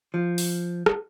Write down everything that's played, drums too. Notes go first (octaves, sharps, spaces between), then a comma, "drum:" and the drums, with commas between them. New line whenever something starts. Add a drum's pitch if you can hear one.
F3
drum: open hi-hat
drum: rim click